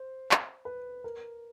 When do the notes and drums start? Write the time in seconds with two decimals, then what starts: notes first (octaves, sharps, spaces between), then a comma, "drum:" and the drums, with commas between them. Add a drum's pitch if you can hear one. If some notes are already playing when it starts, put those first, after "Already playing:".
Already playing: C5
0.31 drum: clap
0.65 B4
1.04 A#4